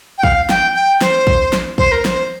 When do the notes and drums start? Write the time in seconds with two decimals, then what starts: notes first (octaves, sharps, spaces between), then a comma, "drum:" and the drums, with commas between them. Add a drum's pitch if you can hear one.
0.18 G5
0.23 F5, drum: kick
0.49 G5, drum: snare
0.75 G5
1.01 C5, drum: snare
1.27 drum: kick
1.53 drum: snare
1.78 C5, drum: kick
1.92 A#4
2.05 C5, drum: snare